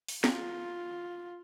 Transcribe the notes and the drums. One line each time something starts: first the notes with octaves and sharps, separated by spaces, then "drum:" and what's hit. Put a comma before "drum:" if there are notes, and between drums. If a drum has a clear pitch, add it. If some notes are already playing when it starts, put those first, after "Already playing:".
drum: open hi-hat
F4, drum: snare